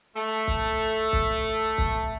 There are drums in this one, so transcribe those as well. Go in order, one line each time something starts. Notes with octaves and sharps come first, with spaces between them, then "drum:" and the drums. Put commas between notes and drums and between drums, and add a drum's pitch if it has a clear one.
A3
drum: kick
drum: kick
drum: kick